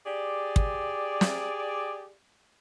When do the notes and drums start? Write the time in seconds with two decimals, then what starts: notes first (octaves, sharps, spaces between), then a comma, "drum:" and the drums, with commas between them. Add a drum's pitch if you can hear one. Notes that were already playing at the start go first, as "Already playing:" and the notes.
0.06 G4 G#4 D5
0.56 drum: kick
1.21 drum: snare